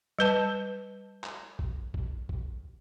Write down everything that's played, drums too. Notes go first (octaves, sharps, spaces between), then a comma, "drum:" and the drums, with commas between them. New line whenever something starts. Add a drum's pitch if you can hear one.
G3 B4 A5
drum: clap
drum: kick A#1
drum: kick A#1
drum: kick A#1